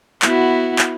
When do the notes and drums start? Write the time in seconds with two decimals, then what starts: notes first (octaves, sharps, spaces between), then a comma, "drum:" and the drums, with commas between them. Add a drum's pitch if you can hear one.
0.22 B3 E4 F#4, drum: clap
0.79 drum: clap